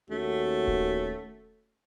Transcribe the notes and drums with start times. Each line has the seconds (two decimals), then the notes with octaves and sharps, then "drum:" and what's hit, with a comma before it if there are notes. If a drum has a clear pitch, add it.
0.11 D#2 A3 C#4 F#4
0.68 drum: kick D#1